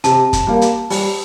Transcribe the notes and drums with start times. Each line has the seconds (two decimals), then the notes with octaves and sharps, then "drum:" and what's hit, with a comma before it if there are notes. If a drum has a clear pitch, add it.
0.04 C3 A5, drum: hi-hat
0.33 drum: kick, hi-hat
0.47 G3 A#3
0.62 drum: hi-hat
0.90 G3, drum: open hi-hat